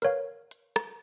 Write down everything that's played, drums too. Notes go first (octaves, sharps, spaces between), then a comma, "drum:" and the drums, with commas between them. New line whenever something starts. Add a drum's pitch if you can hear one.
A#4 B4 C#5 F5, drum: hi-hat
drum: hi-hat
drum: rim click